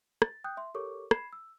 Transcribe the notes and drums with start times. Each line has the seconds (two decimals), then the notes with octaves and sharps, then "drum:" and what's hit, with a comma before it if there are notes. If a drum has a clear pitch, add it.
0.22 A6, drum: rim click
0.44 G5 D#6 F#6 G6
0.57 E5 C6
0.75 G4 A4 A#4 C#5 C#6 D6
1.11 B5 G#6 C7 E7, drum: rim click
1.33 E6